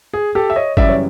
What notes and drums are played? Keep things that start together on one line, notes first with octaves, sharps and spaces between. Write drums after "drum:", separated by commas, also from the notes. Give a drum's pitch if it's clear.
G#4
G4 A4
E5
C#5 D#5
F#2 C#3 E3 G3 D5 E5, drum: kick G1
C#5